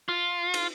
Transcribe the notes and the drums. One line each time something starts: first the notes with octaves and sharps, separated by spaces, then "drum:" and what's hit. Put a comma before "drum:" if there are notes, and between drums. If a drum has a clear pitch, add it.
F4
drum: cymbal